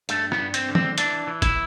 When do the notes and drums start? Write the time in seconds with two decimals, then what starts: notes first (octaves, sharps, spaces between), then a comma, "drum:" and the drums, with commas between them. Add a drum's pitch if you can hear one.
0.09 G2 A3, drum: hi-hat
0.32 B3, drum: rim click
0.38 G2
0.54 C4, drum: hi-hat
0.69 D3
0.75 C4, drum: tom
0.98 E3 D4, drum: hi-hat
1.27 E3
1.42 E4, drum: kick, hi-hat